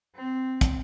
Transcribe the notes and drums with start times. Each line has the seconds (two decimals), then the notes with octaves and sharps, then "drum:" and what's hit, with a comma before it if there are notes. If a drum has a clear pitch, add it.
0.16 C4
0.61 drum: kick, hi-hat